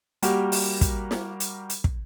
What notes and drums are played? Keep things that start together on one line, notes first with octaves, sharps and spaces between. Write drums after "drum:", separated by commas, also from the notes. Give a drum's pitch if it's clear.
G3 A#3 F#4 G4 A#4, drum: hi-hat
drum: open hi-hat
drum: kick, hi-hat
drum: snare
drum: hi-hat
drum: hi-hat
drum: kick